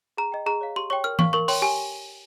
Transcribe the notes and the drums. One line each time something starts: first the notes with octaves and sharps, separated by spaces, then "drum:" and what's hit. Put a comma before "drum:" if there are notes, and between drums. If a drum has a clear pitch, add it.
G#4 A#5
D#5 G5
G#4 A#5
C#5 F5
G4 C6
C#5 G5 C#6
A#4 F6
F5 C#6, drum: tom E3
A#4 C#6
C#5 G5 C6, drum: open hi-hat
G4 G#5